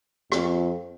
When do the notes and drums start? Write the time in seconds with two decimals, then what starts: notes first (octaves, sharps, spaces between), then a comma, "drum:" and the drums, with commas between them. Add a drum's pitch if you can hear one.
0.32 F2, drum: rim click